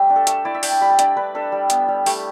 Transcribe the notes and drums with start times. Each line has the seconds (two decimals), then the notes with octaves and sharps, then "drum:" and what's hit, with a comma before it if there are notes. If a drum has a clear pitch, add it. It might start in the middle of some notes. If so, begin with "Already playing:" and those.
Already playing: G3 A3 E5 G5
0.10 D4
0.16 A4
0.27 A3 A4, drum: hi-hat
0.45 E4 D5
0.55 E5
0.63 D4 G5, drum: open hi-hat
0.72 A5
0.81 G3 B5
0.90 A5
0.99 D4 D5, drum: hi-hat
1.17 D4 B4
1.35 D4 A4
1.52 G3
1.70 B3, drum: hi-hat
1.88 G3
2.06 A3 G4, drum: open hi-hat